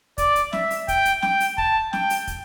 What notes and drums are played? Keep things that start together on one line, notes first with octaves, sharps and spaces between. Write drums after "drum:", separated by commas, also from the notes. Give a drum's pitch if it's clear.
D5, drum: kick, hi-hat
drum: hi-hat
E5, drum: snare
drum: open hi-hat
G5, drum: kick, hi-hat
drum: hi-hat
G5, drum: snare
drum: open hi-hat
A5, drum: kick
G5, drum: snare
drum: open hi-hat
drum: kick, hi-hat